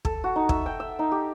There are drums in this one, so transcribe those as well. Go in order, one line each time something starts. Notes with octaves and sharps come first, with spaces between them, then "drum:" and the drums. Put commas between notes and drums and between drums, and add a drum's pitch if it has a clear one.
A4, drum: kick
F#4
D#4
E5, drum: kick
G5
E5
D#4
G4